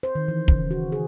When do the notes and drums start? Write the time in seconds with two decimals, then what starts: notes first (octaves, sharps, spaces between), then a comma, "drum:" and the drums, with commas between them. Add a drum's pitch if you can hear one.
0.03 C5
0.15 D#3
0.28 E3
0.48 C#3, drum: kick
0.71 F#4
0.92 G#4